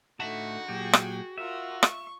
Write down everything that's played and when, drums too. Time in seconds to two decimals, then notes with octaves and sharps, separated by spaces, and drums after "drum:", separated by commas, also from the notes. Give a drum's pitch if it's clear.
0.20 A2 D3 D#4 F#4 E5 A5
0.68 A#2 F#3 G4 G#4 G5
0.93 drum: rim click
1.38 F4 A#4 E5
1.83 C#6, drum: rim click